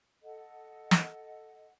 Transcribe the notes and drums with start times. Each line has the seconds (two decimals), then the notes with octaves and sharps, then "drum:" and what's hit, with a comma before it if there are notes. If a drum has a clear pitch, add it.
0.22 A4 D#5 F#5
0.91 drum: snare